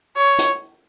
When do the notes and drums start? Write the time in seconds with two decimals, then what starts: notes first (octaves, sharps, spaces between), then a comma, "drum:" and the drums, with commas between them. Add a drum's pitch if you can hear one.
0.17 C#5
0.38 drum: hi-hat